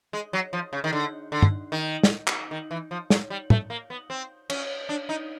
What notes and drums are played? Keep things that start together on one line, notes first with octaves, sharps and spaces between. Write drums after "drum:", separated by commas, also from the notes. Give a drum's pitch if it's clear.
G#3
F#3
F3
C#3
D#3
D3
D3
drum: tom
D#3
drum: snare
drum: clap
D#3
E3
F3
F#3, drum: snare
G3
A3, drum: tom
A#3
B3
C4
C#4, drum: cymbal
D4
D#4